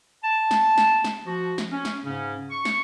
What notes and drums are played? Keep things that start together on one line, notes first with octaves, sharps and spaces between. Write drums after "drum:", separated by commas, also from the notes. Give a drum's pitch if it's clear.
A5
drum: snare
drum: snare
drum: snare
F3 F#4
drum: snare
C#4
drum: snare
G#2 C#3 C#4
C#6
drum: snare